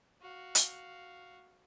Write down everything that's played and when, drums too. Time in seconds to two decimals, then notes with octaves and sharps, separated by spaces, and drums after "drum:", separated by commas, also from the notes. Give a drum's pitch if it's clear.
0.22 F#4 F5
0.55 drum: hi-hat